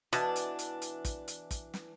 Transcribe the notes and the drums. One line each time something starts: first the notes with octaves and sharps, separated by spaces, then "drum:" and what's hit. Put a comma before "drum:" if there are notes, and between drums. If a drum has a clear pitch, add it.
B2 E3 D4, drum: hi-hat
drum: hi-hat
drum: hi-hat
drum: hi-hat
drum: kick, hi-hat
drum: hi-hat
drum: kick, hi-hat
drum: snare